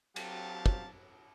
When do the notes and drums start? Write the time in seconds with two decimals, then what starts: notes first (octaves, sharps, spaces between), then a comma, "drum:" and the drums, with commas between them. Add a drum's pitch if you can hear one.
0.16 F#3 C4 G4 F5 A5, drum: cymbal
0.66 drum: kick